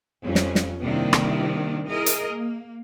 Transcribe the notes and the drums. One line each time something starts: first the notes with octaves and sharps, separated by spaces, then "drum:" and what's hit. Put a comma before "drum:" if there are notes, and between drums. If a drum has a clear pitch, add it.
F2 G3 C#4
drum: snare
drum: snare
G2 C3 D#3 A#3 D4 E4
drum: rim click
E4 G#4 A#4 D#5
drum: hi-hat
A#3